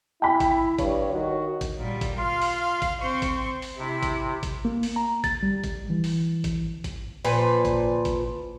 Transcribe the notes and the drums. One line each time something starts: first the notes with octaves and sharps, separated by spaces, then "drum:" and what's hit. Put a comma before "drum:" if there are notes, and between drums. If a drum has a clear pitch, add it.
E4 G5 B5
drum: kick G#1, hi-hat
G2 C#5, drum: kick G#1, hi-hat
D#3 F#4
drum: kick G#1, hi-hat
A#2 G3
drum: kick G#1, hi-hat
F4 F5 C6
drum: open hi-hat
drum: kick G#1, hi-hat
C4 C5 C#6
drum: kick G#1, hi-hat
drum: open hi-hat
C3 E4
drum: kick G#1, hi-hat
drum: kick G#1, hi-hat
A#3
drum: open hi-hat
A#5
A6, drum: kick G#1, hi-hat
G3
drum: kick G#1, hi-hat
E3
drum: open hi-hat
drum: kick G#1, hi-hat
drum: kick G#1, hi-hat
A#2 F3 B4 C5, drum: open hi-hat
drum: kick G#1, hi-hat
drum: kick G#1, hi-hat